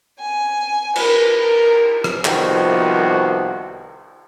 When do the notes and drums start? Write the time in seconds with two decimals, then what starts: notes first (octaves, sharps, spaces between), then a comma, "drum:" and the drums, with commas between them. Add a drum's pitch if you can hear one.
0.19 G#5
0.96 A#4 B4, drum: cymbal
1.39 A#4
2.04 drum: rim click
2.25 C2 D#3 F3 B3 F#4, drum: clap